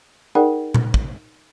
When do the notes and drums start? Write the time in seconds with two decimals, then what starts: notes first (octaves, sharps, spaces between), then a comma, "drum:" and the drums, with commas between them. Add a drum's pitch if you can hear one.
0.35 D#4 G#4 A#4 D5 F#5 G5
0.74 drum: tom A#2
0.94 drum: kick